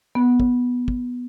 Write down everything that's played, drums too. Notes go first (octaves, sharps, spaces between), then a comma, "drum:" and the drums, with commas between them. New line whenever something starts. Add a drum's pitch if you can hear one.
B3
drum: kick
drum: kick